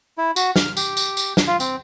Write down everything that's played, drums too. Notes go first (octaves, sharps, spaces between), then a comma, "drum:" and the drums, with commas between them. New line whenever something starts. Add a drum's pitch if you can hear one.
E4
F#4, drum: tambourine
F6, drum: snare
G4, drum: tambourine
drum: tambourine
drum: tambourine
drum: snare
F4
C4, drum: tambourine